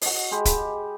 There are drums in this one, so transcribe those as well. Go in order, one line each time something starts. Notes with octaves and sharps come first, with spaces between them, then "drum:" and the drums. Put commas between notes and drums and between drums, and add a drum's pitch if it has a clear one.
F#4 D#5, drum: open hi-hat
G#3 G4 B5
drum: kick, hi-hat